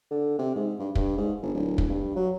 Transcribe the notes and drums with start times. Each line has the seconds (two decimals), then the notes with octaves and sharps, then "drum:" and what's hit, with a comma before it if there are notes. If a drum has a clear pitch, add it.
0.11 D3
0.39 C3
0.55 G#2
0.79 G2
0.95 G2, drum: kick
1.17 G#2
1.42 G1
1.54 D1
1.78 drum: kick
1.89 G2
2.16 F#3